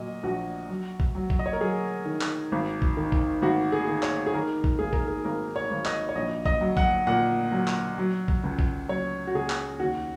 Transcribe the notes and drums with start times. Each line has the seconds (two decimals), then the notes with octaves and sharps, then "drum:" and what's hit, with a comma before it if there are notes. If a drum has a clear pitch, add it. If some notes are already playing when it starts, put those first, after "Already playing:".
Already playing: A#2 F#3 D#5
0.23 A#1 F#4
0.69 F#3
1.00 drum: kick A#1
1.15 F#3
1.30 drum: kick A#1
1.39 D#5
1.46 C#5
1.53 A#4
1.60 F#3 G#4
2.05 D#3
2.21 drum: clap
2.52 G#1
2.82 drum: kick A#1
2.97 D#3
3.12 drum: kick A#1
3.42 G#1 F#4
3.72 G#4
3.89 D#3
4.03 C#5, drum: clap
4.26 G#4
4.33 D#3 A#4
4.64 drum: kick A#1
4.79 G#1 G#4
4.93 A#4, drum: kick A#1
5.07 G#4
5.25 G#1 A#4
5.56 C#5
5.71 G#1
5.85 D#5, drum: clap
6.09 C#5
6.15 A#1 D#5
6.46 D#5, drum: kick A#1
6.61 F#3
6.77 F#5, drum: kick A#1
7.07 A#2 F#5
7.52 F#3
7.68 drum: clap
7.98 F#3
8.28 drum: kick A#1
8.44 C#2
8.59 drum: kick A#1
8.88 F#3 C#5
9.27 F#4
9.35 C#2 G#4
9.50 drum: clap
9.79 D#2 F#4